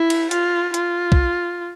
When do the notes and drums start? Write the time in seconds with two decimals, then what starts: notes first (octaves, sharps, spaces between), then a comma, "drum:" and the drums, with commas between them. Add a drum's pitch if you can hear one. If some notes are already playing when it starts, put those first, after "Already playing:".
Already playing: E4
0.10 drum: cymbal
0.31 F4, drum: hi-hat
0.74 F4, drum: hi-hat
1.12 drum: kick